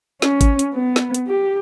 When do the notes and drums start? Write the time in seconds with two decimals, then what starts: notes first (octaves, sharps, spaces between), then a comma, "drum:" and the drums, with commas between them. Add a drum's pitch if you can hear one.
0.22 C#4, drum: snare
0.41 drum: kick G#1, hi-hat
0.59 drum: hi-hat
0.74 B3
0.96 drum: snare
1.14 drum: hi-hat
1.27 G4